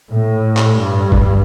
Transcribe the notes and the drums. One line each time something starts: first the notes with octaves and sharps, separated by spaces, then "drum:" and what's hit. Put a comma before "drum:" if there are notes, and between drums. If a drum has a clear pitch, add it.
A2
drum: clap
G2
drum: kick